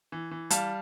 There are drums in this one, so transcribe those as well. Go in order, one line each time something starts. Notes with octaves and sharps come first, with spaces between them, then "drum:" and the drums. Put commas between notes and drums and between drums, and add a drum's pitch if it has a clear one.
E3
E3
G3 F5 A5, drum: hi-hat